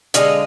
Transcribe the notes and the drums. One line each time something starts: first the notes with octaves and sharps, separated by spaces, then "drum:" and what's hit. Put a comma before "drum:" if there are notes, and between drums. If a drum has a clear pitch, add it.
D3 F3 G#3 D#5 F5, drum: hi-hat